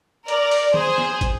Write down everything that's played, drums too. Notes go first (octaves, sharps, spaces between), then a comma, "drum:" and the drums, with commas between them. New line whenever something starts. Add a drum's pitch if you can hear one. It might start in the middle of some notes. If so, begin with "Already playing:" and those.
A#4 D5, drum: hi-hat
drum: open hi-hat
G#4 C5, drum: tom D#3
drum: snare
drum: kick, hi-hat